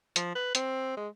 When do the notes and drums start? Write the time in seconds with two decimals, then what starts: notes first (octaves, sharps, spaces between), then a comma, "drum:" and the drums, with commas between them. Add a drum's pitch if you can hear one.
0.16 F3, drum: hi-hat
0.35 B4
0.55 C4, drum: hi-hat
0.97 G#3